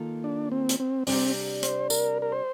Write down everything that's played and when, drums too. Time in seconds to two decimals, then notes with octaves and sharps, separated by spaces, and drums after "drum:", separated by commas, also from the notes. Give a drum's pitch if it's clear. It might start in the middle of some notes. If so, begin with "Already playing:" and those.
Already playing: D#3 A#3 F4 A4
0.24 D4
0.52 C4
0.69 drum: hi-hat
0.80 C4
1.07 C3 G3 C4 D4 G4 D5, drum: open hi-hat
1.63 C5, drum: hi-hat
1.90 A#4, drum: tambourine
2.22 A#4
2.32 C5